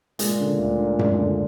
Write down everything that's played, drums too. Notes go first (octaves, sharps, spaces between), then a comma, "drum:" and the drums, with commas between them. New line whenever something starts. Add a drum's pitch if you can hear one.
A#2 G#3, drum: hi-hat
D3
D2
D4
G#3, drum: tom F#2
D3